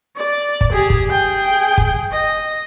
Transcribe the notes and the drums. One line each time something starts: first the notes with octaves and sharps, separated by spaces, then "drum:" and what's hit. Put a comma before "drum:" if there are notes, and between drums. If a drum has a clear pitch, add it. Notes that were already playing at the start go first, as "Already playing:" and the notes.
D5
drum: kick
G4 G#4
drum: kick
G#4 G5
drum: kick
D#5